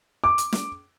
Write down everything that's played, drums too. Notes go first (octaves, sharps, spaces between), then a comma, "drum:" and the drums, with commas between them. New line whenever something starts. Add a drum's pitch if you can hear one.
D6
drum: hi-hat
drum: snare